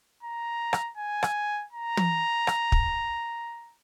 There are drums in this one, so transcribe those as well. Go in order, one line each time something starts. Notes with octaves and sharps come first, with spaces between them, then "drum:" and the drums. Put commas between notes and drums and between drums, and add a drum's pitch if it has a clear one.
A#5
drum: rim click
G#5
drum: rim click
A#5
drum: tom
drum: rim click
drum: kick